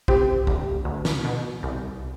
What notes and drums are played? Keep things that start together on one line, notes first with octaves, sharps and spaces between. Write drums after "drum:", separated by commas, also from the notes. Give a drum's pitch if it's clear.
C4 G4, drum: kick
D2, drum: kick
D2
drum: snare
B2
C2